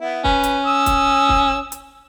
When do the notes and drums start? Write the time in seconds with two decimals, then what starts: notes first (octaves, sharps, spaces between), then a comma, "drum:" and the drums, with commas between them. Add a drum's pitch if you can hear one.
0.01 B3 E4
0.24 C#4 B4, drum: kick
0.44 drum: hi-hat
0.66 D#6 E6
0.86 drum: kick, hi-hat
1.29 drum: kick
1.72 drum: hi-hat